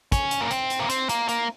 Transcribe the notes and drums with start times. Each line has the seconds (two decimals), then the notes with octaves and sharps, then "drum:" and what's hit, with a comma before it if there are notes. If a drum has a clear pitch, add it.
0.12 C#4, drum: kick, hi-hat
0.31 drum: hi-hat
0.41 A#3
0.51 C4, drum: hi-hat
0.70 drum: hi-hat
0.80 A#3
0.90 C4, drum: hi-hat
1.09 A#3, drum: hi-hat
1.29 A#3, drum: hi-hat